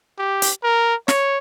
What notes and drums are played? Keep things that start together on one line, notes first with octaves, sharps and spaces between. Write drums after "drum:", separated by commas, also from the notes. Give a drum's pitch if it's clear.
G4
drum: hi-hat
A#4
C#5, drum: snare